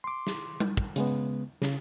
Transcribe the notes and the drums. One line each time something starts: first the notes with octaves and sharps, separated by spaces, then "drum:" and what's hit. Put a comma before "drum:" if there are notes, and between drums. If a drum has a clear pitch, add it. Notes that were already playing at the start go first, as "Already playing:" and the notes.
C6 D6
drum: snare
drum: tom G3
drum: kick
C#3 G#3 B3, drum: hi-hat
C#3, drum: snare